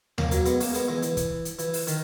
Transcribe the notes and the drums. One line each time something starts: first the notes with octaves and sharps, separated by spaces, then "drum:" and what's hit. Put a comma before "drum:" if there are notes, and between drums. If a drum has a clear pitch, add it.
A#3 C#4, drum: tom D#2
F#3 A#3, drum: hi-hat
G#3 B3, drum: hi-hat
A#3 C#4, drum: open hi-hat
G#3 B3, drum: hi-hat
E3 G#3
E3, drum: hi-hat
drum: kick, hi-hat
drum: hi-hat
E3, drum: hi-hat
drum: open hi-hat
D#3, drum: hi-hat